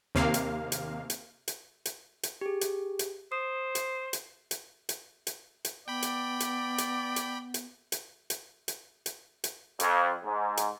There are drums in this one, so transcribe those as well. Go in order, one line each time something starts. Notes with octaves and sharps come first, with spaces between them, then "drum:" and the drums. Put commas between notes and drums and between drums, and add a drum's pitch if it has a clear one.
D#2 C3 A#3 F5
drum: hi-hat
drum: hi-hat
drum: hi-hat
drum: hi-hat
drum: hi-hat
drum: hi-hat
G4 G#4
drum: hi-hat
drum: hi-hat
C5 D#6
drum: hi-hat
drum: hi-hat
drum: hi-hat
drum: hi-hat
drum: hi-hat
drum: hi-hat
B3 D5 G5 B5
drum: hi-hat
drum: hi-hat
drum: hi-hat
drum: hi-hat
drum: hi-hat
drum: hi-hat
drum: hi-hat
drum: hi-hat
drum: hi-hat
drum: hi-hat
F2, drum: hi-hat
G#2
drum: hi-hat